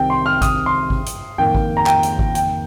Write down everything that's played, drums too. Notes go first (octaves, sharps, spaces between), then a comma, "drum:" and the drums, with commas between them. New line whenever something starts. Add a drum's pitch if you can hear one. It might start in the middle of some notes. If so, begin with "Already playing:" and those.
Already playing: C2 C3 D#3 C4 G5
C6
F6
D#6, drum: kick G#1, hi-hat
C6
drum: kick G#1
drum: hi-hat
F2 D#3 A#3 G5, drum: tom A2
drum: kick G#1
A#5
G5, drum: clap
drum: hi-hat
drum: kick G#1
G5, drum: hi-hat